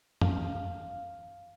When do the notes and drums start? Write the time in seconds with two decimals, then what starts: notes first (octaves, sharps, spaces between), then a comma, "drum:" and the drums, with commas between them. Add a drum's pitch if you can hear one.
0.21 F5, drum: tom